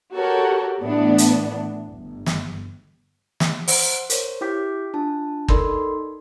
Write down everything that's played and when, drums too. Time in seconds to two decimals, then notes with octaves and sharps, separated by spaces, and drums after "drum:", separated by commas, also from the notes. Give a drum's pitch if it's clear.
0.14 F#4 G4 A4 A#4 C#5
0.80 A2 E3 B3 D4
1.18 drum: hi-hat
1.89 G1
2.26 drum: snare
3.40 drum: snare
3.68 C5 F#5, drum: open hi-hat
4.10 A#4 C5 C#5, drum: hi-hat
4.41 E4 G4 G5 D6 G6 B6
4.94 D4 F4 A5
5.48 D#4 A4 A#4 D5 B5 C6, drum: kick